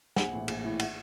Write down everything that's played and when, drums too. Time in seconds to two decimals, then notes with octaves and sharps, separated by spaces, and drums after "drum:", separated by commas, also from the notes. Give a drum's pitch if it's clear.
0.16 A#1 F#5 G#5, drum: snare
0.33 A2 E3
0.48 A#1, drum: cymbal
0.64 A2 E3
0.79 E5 F#5, drum: cymbal